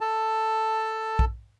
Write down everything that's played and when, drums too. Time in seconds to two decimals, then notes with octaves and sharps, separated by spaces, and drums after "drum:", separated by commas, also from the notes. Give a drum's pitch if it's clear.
0.01 A4 A5
1.19 drum: kick